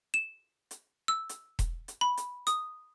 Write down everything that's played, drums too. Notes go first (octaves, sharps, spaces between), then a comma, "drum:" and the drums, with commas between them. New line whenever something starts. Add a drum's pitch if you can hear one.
E7
drum: hi-hat
E6
drum: hi-hat
drum: kick E1, hi-hat
drum: hi-hat
B5
drum: hi-hat
D#6, drum: hi-hat